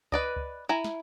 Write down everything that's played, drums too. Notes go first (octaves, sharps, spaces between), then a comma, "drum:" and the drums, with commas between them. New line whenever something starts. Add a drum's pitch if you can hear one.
B4 D5 D#5, drum: kick C#2
drum: kick C#2
E4 G#5 A#5
drum: snare